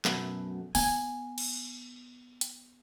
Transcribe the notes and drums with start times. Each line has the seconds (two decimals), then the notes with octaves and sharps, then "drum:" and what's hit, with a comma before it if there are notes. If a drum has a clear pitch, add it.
0.05 F#2 B2 A3, drum: clap
0.75 B3 G#5, drum: open hi-hat
1.38 drum: cymbal
2.41 drum: hi-hat